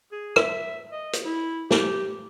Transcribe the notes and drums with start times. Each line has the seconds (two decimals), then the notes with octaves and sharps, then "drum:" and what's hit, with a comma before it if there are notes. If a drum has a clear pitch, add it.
0.12 G#4
0.36 E5, drum: rim click
0.91 D#5
1.13 drum: hi-hat
1.25 E4
1.71 G4, drum: snare